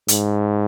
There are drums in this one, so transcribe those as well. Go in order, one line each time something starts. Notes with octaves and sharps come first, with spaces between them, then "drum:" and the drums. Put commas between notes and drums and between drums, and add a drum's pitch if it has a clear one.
G#2, drum: hi-hat